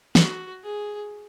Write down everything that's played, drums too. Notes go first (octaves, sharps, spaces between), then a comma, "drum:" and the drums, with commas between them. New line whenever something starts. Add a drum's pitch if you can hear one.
F#4, drum: snare
G#4